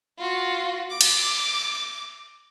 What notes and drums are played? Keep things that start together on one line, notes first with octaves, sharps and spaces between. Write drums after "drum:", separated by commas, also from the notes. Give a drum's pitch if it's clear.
F4 F#4
D6
drum: cymbal